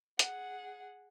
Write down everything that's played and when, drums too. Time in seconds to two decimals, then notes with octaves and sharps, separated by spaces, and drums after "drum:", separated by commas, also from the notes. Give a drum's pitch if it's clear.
0.19 G#4 F#5, drum: hi-hat